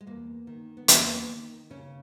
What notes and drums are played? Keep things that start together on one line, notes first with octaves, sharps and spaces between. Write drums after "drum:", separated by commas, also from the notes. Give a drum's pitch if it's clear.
G#3
E2 A#3
D#3
B3
E2 A#3, drum: hi-hat
D#3
D#2 C#3 C#4